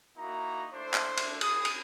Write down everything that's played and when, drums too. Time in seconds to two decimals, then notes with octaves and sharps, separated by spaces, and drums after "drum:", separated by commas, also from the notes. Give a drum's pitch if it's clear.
0.17 A#3 D#4 E4 F#4 A#5
0.73 A3 D4 E4 C5
0.94 drum: clap
1.17 drum: cymbal
1.41 G#4 D#6, drum: cymbal
1.65 drum: cymbal